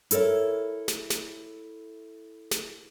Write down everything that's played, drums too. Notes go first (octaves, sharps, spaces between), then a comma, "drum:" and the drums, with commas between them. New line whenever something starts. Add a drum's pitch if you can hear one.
E4 A4 A#4 C#5 E5, drum: hi-hat
drum: snare
drum: snare
drum: snare